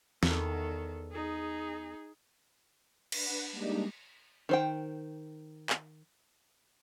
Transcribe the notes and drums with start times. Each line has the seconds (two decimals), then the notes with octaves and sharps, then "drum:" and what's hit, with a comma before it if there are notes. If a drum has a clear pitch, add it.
0.23 E2 D#3 A4, drum: snare
1.12 D#4 G#4
3.12 D4 B4 F#5, drum: cymbal
3.51 G3 G#3 A#3 D4 D#4 G4
4.49 D#3 C5 G5
5.70 drum: clap